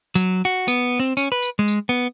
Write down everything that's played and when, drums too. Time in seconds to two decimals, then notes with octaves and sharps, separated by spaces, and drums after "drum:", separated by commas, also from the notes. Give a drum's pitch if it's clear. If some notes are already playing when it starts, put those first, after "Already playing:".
0.15 F#3, drum: tambourine
0.45 F#4
0.68 B3, drum: tambourine
1.00 C4
1.17 C#4, drum: tambourine
1.32 B4
1.42 drum: tambourine
1.59 G#3
1.68 drum: tambourine
1.89 B3